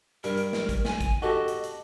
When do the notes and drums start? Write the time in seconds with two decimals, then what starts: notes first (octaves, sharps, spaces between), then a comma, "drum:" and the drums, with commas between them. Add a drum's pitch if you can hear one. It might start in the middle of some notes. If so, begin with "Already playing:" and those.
0.24 G2 A#4, drum: hi-hat
0.37 drum: hi-hat
0.53 drum: snare
0.69 drum: kick, hi-hat
0.85 G#5, drum: snare
1.01 drum: kick, hi-hat
1.22 F#4 G4 A4 D#5
1.48 drum: hi-hat
1.64 drum: hi-hat